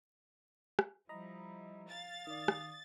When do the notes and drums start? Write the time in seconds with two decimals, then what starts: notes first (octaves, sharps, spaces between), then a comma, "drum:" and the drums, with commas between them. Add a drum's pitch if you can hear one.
0.79 drum: rim click
1.09 F3 G3 E4 D#5 A#5 B5
1.89 F5 A6
2.27 D#3 D5 D#6
2.48 drum: rim click